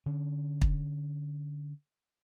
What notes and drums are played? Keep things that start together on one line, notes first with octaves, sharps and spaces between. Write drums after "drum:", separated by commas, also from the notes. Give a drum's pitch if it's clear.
D3 C#4
drum: kick